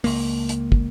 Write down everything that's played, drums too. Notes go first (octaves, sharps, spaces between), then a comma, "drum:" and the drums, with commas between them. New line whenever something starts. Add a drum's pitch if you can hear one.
C#2 A#3, drum: open hi-hat
drum: hi-hat
drum: kick